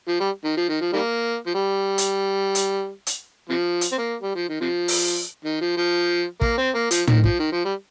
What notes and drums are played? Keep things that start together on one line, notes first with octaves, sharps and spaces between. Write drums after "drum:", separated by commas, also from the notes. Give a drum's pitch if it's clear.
F3
G3
D#3
F3
D#3
F3
D#3 G3 A#3
F3
G3
drum: hi-hat
drum: hi-hat
drum: hi-hat
C3 F3
drum: hi-hat
C4
A#3
G3
F3
D#3
C3 F3
drum: open hi-hat
D#3
F3
F3
A#3, drum: kick
C4
A#3
F3, drum: hi-hat
D#3, drum: tom
F3, drum: kick
D#3
F3
G3